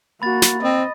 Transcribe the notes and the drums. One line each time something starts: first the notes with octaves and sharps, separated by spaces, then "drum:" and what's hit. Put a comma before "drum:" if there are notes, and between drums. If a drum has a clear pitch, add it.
A#3 F#4 B5 A6
drum: snare
C4 D#5